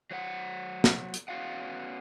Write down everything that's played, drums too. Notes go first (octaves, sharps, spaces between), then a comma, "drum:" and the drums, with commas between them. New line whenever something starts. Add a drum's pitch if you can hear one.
F#3 C5 F#5
drum: snare
drum: hi-hat
B3 C#4 F#4 G#4 F5 F#5